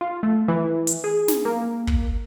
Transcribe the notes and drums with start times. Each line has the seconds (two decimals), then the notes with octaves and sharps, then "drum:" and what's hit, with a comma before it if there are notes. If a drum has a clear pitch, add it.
0.01 F4
0.23 A3
0.48 E3
0.87 drum: hi-hat
1.04 G#4
1.28 drum: snare
1.45 A#3
1.87 drum: kick